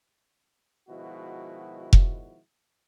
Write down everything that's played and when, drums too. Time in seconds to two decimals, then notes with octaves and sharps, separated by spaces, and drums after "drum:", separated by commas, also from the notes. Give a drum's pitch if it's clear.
0.89 B2 D#3 F3 G#3 E4 F#4
1.93 drum: kick F1